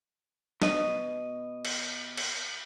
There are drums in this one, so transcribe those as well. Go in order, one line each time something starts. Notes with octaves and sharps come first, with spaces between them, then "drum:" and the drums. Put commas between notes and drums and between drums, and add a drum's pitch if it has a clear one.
B2 D#5, drum: snare
drum: cymbal
drum: cymbal